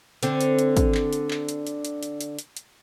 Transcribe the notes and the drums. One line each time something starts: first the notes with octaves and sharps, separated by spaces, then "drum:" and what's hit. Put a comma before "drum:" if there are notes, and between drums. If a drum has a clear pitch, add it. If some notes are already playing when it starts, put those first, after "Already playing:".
D3 C4, drum: hi-hat
drum: hi-hat
drum: hi-hat
drum: kick, hi-hat
drum: clap
drum: hi-hat
drum: clap
drum: hi-hat
drum: hi-hat
drum: hi-hat
drum: hi-hat
drum: hi-hat
drum: hi-hat
drum: hi-hat